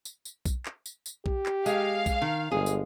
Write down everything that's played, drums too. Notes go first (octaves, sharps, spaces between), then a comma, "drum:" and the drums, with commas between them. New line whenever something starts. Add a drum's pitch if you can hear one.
drum: tambourine
drum: tambourine
drum: kick B1, tambourine
drum: clap
drum: tambourine
drum: tambourine
G4, drum: kick B1
drum: clap
G#3 F5, drum: tambourine
drum: kick B1, tambourine
D#3
G1 G#3 G#4
drum: tambourine